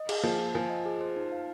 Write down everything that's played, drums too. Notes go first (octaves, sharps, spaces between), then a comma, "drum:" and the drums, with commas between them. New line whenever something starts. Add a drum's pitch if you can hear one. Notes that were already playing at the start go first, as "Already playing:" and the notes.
Already playing: D#5
G#4, drum: cymbal
F3 A#3
F4
F3 G#5
D#5
G#4
C5
D#4
F5